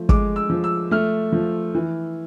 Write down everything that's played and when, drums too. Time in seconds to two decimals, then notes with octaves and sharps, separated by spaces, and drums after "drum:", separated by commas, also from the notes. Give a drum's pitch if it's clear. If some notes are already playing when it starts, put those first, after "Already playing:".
Already playing: F3 A3
0.09 G#3 D6, drum: kick
0.36 E6
0.50 F3
0.64 E6
0.91 A3 F6
1.33 F3
1.75 E3